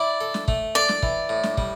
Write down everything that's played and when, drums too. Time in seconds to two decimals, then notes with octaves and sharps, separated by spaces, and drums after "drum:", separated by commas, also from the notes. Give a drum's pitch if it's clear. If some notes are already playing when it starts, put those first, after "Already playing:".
Already playing: E4 D5
0.21 A4
0.34 drum: snare
0.48 A3, drum: kick
0.75 A4 D5
0.89 drum: snare
1.03 E3, drum: kick
1.29 A2
1.43 drum: snare
1.57 G3, drum: kick